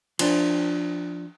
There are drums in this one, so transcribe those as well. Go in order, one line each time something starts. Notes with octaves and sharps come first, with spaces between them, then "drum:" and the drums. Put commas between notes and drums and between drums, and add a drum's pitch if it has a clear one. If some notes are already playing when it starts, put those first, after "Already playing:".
F3 D4, drum: cymbal